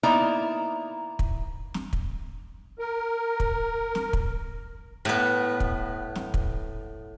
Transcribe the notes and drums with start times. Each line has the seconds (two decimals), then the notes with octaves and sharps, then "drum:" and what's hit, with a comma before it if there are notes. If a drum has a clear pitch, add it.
0.03 A#3 B3 D#4 E4 D5 A#5
1.19 drum: kick
1.74 drum: snare
1.93 drum: kick
2.79 A#4
3.40 drum: kick
3.95 drum: snare
4.13 drum: kick
5.05 A2 B3
5.60 drum: kick
6.15 drum: snare
6.34 drum: kick